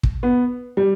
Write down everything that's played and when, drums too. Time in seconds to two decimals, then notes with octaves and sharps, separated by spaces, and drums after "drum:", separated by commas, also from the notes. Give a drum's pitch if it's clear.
0.03 drum: kick
0.23 B3
0.77 G3